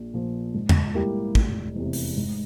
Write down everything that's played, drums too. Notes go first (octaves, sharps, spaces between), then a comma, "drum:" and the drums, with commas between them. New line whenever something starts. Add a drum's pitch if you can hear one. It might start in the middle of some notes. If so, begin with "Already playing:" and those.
Already playing: A#1
A#2 F3
G#2
drum: tom E2
G3 A#3 E4 G4
F1, drum: kick
E2 C3
drum: open hi-hat
G#2